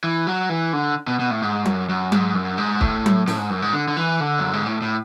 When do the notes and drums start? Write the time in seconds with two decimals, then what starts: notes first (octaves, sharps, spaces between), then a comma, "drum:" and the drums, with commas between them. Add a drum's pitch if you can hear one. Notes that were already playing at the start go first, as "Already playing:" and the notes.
0.04 E3
0.27 F#3
0.49 E3
0.73 D3
1.08 B2
1.19 B2
1.31 A2
1.42 G#2
1.65 F#2, drum: tom F#3
1.89 F#2
2.12 G#2, drum: tom F#3
2.35 F#2
2.58 G#2
2.81 A2, drum: kick
3.06 drum: tom F#3
3.28 A2, drum: snare
3.38 G#2
3.50 F#2
3.62 G#2
3.73 D3
3.88 D3
3.97 E3
4.20 D3
4.39 F#2
4.53 G#2
4.66 A2
4.82 A2